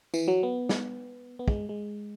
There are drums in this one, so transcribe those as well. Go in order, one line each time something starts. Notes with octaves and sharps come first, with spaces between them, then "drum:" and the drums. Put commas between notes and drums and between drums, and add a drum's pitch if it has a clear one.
E3, drum: tambourine
F#3
B3
drum: snare
B3
G#3, drum: kick
G#3